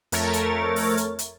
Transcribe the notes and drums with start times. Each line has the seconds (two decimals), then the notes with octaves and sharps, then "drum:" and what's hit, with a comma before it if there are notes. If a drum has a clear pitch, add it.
0.12 F2 A3 A#4 C#5 A6, drum: hi-hat
0.33 drum: hi-hat
0.76 drum: open hi-hat
0.97 drum: hi-hat
1.19 drum: hi-hat